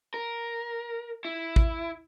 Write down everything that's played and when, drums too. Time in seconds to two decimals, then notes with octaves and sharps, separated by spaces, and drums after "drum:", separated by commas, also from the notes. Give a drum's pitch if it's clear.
0.14 A#4
1.25 E4
1.56 drum: kick A1